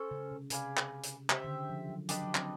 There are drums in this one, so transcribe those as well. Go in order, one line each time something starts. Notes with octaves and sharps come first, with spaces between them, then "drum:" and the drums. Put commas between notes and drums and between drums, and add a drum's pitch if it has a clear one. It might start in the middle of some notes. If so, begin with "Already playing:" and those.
Already playing: C#4 A4 C5
C#3
C3
C3 G#4 B4 D5 F5, drum: hi-hat
drum: clap
drum: hi-hat
C#3 G4 C5 E5, drum: clap
D3
D#3
F3
F#3
F#3 D4 G4 B4 D#5, drum: hi-hat
F#3
C4, drum: clap